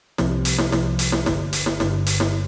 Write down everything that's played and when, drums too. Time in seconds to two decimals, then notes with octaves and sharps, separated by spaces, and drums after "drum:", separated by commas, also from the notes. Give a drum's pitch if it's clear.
0.18 C2 C3 F3, drum: snare
0.45 drum: hi-hat
0.58 drum: snare
0.72 C2 C3 F3, drum: snare
0.99 drum: hi-hat
1.12 drum: snare
1.26 G1 G2 D3, drum: snare
1.53 drum: hi-hat
1.66 drum: snare
1.80 G1 G2 D3, drum: snare
2.06 drum: hi-hat
2.20 drum: snare